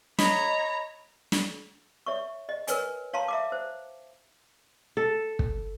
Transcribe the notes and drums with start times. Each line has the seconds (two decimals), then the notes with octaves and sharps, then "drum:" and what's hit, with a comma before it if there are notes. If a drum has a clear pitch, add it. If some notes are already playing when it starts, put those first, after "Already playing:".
0.19 C#5 D#5 A#5 B5, drum: snare
1.32 drum: snare
2.06 C#5 E5 C#6
2.49 D#5
2.67 A#4 B4 C#5 G#5, drum: hi-hat
3.14 C#5 F5 A5 A#5 C6
3.28 E5 A#5 D6
3.52 C5
4.97 A4
5.39 drum: kick